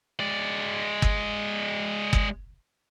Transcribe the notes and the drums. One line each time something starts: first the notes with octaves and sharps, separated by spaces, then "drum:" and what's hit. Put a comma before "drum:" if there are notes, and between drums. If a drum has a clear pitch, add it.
G#3 D5
drum: kick
drum: kick